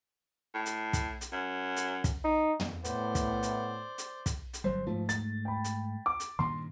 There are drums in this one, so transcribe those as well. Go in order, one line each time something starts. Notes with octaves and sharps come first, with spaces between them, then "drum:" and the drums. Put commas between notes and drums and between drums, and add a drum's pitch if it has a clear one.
A2
drum: hi-hat
drum: kick, hi-hat
drum: hi-hat
F#2
drum: hi-hat
drum: kick, hi-hat
D#4
drum: tom
A2 B3 C5 D5, drum: hi-hat
drum: kick, hi-hat
drum: hi-hat
drum: hi-hat
drum: kick, hi-hat
drum: hi-hat
G1 F#3 G3 C5
G#2 F3 A3
A6, drum: hi-hat
G5 B5
drum: hi-hat
D6
drum: hi-hat
G2 A#2 D#3 C6